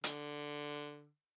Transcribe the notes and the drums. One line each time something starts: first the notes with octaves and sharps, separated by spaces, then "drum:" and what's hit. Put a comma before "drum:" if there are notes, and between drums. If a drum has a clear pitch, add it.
D3, drum: hi-hat